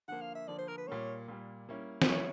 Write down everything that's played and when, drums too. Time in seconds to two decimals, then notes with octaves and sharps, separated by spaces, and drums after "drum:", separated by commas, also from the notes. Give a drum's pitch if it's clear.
0.08 D3 F3 A#3 F#5
0.21 F5
0.35 E5
0.48 D3 F3 A#3 D5
0.59 C5
0.68 A#4
0.78 B4
0.88 A#2 G3 A#3 C#5
1.28 A#2 G3 A#3
1.69 G3 A#3 C#4 E4
2.02 C5, drum: snare
2.08 G3 A#3 C#4 E4 C#5